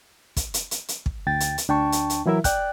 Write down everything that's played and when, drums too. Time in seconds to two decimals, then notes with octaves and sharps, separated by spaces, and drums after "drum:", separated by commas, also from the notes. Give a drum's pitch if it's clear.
0.37 drum: kick, hi-hat
0.54 drum: hi-hat
0.71 drum: hi-hat
0.88 drum: hi-hat
1.06 drum: kick
1.27 D2 G5 A6
1.40 drum: hi-hat
1.58 drum: hi-hat
1.68 D2 D4 G5 A5 C#6
1.92 drum: hi-hat
2.10 drum: hi-hat
2.26 E3 F#3 E4 A#4 E5
2.44 D5 G5 F#6, drum: kick, hi-hat